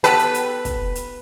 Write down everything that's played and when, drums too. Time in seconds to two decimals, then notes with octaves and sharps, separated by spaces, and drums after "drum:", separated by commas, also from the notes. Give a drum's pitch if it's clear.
0.04 B3 G4 A4 B4, drum: hi-hat
0.19 drum: hi-hat
0.34 drum: hi-hat
0.65 drum: kick, hi-hat
0.95 drum: hi-hat